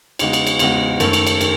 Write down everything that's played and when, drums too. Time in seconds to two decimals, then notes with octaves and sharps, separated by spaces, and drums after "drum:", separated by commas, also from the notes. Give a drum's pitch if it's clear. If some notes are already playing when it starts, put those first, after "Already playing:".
0.19 E2 C#3 G#3 D#4 F#4, drum: cymbal
0.33 drum: cymbal
0.47 drum: cymbal
0.59 E2 C#3 G#3 D#4 F#4, drum: cymbal
1.00 F#2 D#3 A3, drum: cymbal
1.13 drum: cymbal
1.27 drum: cymbal
1.41 D#3, drum: cymbal